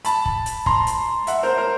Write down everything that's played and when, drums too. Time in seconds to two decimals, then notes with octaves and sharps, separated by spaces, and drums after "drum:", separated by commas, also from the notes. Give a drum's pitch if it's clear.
0.05 A5 B5, drum: hi-hat
0.25 drum: kick
0.46 drum: hi-hat
0.66 A#5 C6, drum: kick
0.87 drum: hi-hat
1.27 E5 F#5, drum: hi-hat
1.43 A#4 C5
1.58 A#4 C5